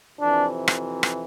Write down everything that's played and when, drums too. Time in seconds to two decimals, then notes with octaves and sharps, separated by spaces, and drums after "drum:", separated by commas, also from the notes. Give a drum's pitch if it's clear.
0.19 F2 C3 E3 D4
0.68 drum: rim click
1.03 drum: rim click